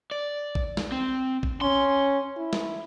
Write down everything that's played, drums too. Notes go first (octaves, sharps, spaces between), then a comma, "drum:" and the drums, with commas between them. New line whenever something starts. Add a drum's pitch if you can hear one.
D5
drum: kick A1
drum: snare
C4
drum: kick A1
C#4 C6
E4
drum: snare